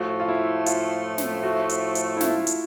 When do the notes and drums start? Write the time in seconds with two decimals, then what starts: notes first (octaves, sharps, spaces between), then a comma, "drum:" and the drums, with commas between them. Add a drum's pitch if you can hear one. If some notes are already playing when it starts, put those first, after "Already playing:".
Already playing: A2 F3 A3 F#4
0.20 F4
0.28 E4
0.66 F4, drum: hi-hat
1.18 drum: snare
1.43 F#4
1.69 drum: hi-hat
1.95 drum: hi-hat
2.17 E4
2.21 F4, drum: snare
2.47 drum: hi-hat